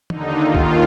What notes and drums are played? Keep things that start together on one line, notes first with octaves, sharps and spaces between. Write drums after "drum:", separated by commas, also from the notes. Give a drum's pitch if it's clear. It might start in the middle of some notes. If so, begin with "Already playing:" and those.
D#2 D3 D#4, drum: tom
D#2 D#3 F4
drum: kick